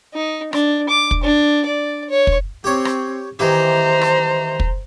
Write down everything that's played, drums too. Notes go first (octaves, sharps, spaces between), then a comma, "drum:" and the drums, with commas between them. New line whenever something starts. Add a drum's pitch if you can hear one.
D#4
D4, drum: rim click
D6
drum: kick
D4
D5
C#5
drum: kick
C4 G4 C#5
drum: rim click
D#3 E3 G4 C5 A#5
drum: rim click
drum: kick